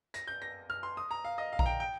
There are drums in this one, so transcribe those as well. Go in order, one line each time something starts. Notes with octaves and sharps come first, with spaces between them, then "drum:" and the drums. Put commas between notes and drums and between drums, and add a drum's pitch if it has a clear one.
A#6, drum: hi-hat
G6
A#6
F6
C6
D#6
A#5
F5
D#5
F5
A#5, drum: kick A#1
G5
G5